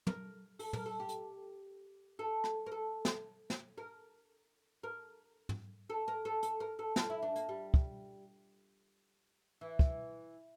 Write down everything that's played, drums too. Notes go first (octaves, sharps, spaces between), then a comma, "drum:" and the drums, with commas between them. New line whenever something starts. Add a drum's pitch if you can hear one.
A#4, drum: tom
A4, drum: open hi-hat
A#4, drum: tom
A4
G4
drum: hi-hat
A4
drum: rim click
A#4
A4
drum: snare
drum: snare
A#4
A#4
drum: tom
A4
A#4
A4
A4, drum: hi-hat
A#4
A4
F4, drum: snare
E4
D4
A#3, drum: hi-hat
G3
drum: kick
E3
drum: kick